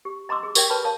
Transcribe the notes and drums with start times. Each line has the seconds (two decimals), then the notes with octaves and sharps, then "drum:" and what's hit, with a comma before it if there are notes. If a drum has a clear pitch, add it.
0.05 G4
0.29 D#5 A#5 C6 D6 E6
0.43 G#4
0.55 G4 A#4 C#5 D5 E5 G5, drum: tambourine
0.70 A#4 B4 C#5 A5 B5
0.84 A#4 C#5 F5 A5